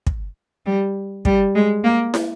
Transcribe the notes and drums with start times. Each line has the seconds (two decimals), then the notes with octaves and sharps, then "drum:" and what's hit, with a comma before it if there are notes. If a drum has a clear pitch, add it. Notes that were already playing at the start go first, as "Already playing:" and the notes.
0.07 drum: kick
0.66 G3
1.25 G3, drum: kick
1.55 G#3
1.84 A#3
2.14 drum: snare